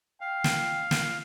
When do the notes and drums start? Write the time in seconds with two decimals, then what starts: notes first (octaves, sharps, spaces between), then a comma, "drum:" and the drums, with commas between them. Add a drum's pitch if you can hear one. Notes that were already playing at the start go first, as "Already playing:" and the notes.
0.21 F5 G5
0.44 drum: snare
0.91 drum: snare